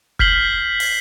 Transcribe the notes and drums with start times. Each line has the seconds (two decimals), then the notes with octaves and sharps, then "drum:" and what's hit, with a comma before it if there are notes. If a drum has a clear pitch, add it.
0.19 F6 G6 B6 C7 F#7 G7, drum: kick
0.80 drum: open hi-hat